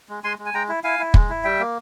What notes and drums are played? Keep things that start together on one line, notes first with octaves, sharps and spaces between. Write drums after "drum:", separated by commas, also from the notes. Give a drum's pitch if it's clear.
G#3
G#3 G#5 C6
G#3
G#5
G#3 G5 A#5
E4
E4 F5 G#5
E4
G#3, drum: kick
E4
G3 E5 G5
A#3